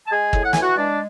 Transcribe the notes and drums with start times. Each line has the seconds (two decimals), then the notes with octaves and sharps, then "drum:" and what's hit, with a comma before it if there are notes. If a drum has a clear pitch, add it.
0.07 A5
0.11 G#3 G#4 G#5
0.33 A2, drum: kick
0.44 F#5
0.53 E3 G#5, drum: snare
0.62 F#4 F#5
0.78 G#3 D4 D5